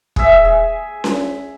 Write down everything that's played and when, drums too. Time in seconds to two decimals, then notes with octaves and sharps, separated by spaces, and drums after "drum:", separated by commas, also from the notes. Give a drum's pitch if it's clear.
0.16 G#4 E5, drum: kick
0.45 G#4
1.04 drum: snare C#4